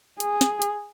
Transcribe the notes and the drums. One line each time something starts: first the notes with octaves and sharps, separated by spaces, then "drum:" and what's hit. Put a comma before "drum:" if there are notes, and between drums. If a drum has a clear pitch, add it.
G#4, drum: hi-hat
drum: snare
drum: hi-hat